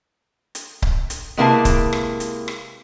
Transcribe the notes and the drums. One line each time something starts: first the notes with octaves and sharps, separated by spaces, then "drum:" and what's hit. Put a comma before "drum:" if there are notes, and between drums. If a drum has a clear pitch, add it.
drum: hi-hat
drum: kick C#1
drum: hi-hat
C3 G#3 A#3 E4 B4 A5
drum: kick C#1, hi-hat
drum: rim click
drum: hi-hat
drum: rim click